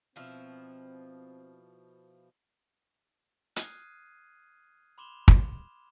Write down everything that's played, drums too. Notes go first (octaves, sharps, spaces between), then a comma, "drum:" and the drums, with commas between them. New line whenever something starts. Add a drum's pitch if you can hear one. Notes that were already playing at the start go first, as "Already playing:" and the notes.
B2 F3 C4 E4
D#6 F6 F#6 G#6 C7 D#7, drum: hi-hat
B5 C6 D6 E7 F7 G7
drum: kick